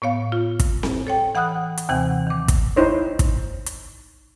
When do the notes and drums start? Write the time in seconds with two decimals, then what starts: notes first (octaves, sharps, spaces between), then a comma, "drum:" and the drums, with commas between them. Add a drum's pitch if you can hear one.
0.02 A2 B3 C#5 F5
0.32 F4
0.59 drum: kick, hi-hat
0.83 drum: snare C4
1.07 A4 C#5 G5
1.35 E3 F#5 B5 D#6 F6 F#6
1.78 drum: hi-hat
1.89 D#2 C3 E3 C4 F#5 G#5
2.27 D#3 D6
2.48 drum: kick, hi-hat
2.76 D#4 E4 C5 C#5
3.19 drum: kick, hi-hat
3.66 drum: hi-hat